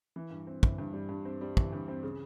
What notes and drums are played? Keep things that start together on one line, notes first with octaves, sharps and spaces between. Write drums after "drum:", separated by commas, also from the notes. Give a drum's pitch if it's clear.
E3
G2
C4
E3, drum: kick
G2
G3
G2
C4
G3
E3, drum: kick
G2
C4
C#3